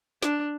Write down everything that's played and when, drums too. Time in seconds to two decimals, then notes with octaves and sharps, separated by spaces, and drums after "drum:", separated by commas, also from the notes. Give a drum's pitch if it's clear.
0.23 D4, drum: snare